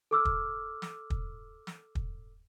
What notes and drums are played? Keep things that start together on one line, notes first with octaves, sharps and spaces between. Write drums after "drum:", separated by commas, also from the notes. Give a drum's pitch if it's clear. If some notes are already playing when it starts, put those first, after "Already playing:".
A4 D6 E6 F6
drum: kick
drum: snare
drum: kick
drum: snare
drum: kick